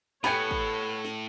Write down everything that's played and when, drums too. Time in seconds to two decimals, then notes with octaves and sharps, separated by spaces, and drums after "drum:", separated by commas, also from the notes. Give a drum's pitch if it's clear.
0.24 A2 B3 G4 A4 C#5 G#5 B5 C#7, drum: snare
0.51 drum: kick
1.05 drum: snare